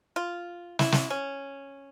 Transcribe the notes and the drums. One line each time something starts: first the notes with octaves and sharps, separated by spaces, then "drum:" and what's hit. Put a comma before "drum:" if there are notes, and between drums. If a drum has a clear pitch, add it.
F4
E4, drum: snare
drum: snare
C#4